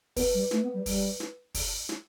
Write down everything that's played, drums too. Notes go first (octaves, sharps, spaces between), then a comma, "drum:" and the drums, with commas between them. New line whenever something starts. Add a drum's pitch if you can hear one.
B3 B4, drum: kick, open hi-hat
G3
A3, drum: snare
B3
G3
G3, drum: kick, open hi-hat
drum: snare
drum: kick, open hi-hat
drum: snare